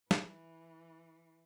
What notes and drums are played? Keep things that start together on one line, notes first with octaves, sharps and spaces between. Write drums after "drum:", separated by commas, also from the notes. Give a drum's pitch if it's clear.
E3, drum: snare